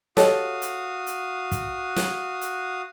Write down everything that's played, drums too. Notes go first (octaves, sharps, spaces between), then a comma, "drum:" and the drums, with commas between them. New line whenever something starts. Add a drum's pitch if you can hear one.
F#4 G4 A4 C#5 D#5 F5 D#6, drum: snare
drum: hi-hat
drum: hi-hat
drum: kick, hi-hat
drum: snare
drum: hi-hat